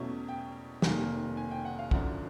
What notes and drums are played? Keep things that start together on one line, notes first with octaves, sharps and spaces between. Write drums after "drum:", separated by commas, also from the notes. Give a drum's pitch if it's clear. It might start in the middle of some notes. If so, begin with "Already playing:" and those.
Already playing: E2 B2 F#3 A3 C#4
G5
F1 D#2 D#3 G3 A#3 G#5, drum: snare
G#5
G5
F#5
F5
G#1 F#2 D3 F3 F#5, drum: kick